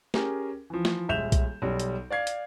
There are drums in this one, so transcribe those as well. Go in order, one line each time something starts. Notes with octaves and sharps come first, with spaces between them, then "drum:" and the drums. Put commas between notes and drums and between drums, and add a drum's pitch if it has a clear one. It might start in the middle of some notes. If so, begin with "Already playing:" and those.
C#4 G4 G#4 A#4, drum: snare
E3 F3
drum: snare
D#1 G#3 E5 G6 E7 F7
drum: kick B1, hi-hat
B1 G3
drum: hi-hat
D5 F5 G#6 C7
drum: hi-hat